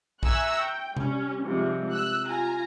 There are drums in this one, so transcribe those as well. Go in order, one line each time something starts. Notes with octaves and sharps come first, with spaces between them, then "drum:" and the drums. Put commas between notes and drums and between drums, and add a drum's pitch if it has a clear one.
E5 G#5 A#5 C#6 E6 F#6, drum: kick A#1
G5
G3 C#4, drum: tom C3
G#2 C3 F3 G3
E6 F#6
F4 G#5 A#5